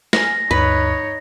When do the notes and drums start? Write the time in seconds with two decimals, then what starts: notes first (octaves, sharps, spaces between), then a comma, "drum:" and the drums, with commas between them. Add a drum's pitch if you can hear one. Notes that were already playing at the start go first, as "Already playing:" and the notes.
0.13 G#5 F6 A#6, drum: snare
0.51 D2 G2 D#4 B4 C#5